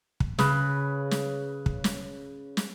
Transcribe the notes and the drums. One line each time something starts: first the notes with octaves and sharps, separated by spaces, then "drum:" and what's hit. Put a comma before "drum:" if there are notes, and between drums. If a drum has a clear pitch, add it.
drum: kick
C#3 B4, drum: snare
drum: snare
drum: kick
drum: snare
drum: snare